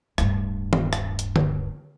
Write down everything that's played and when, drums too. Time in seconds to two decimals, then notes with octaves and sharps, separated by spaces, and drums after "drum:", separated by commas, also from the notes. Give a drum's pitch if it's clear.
0.18 D1 G2, drum: rim click
0.73 drum: tom D#3
0.93 drum: rim click
1.19 drum: hi-hat
1.36 drum: tom D3